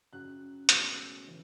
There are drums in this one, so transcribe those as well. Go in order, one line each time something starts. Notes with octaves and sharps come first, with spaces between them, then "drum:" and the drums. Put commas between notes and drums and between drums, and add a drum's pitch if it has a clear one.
F#2 C#3 F#3 F#6
C#2 B2 F#3 A3 C#4 E6, drum: hi-hat
C#3 E3 C#4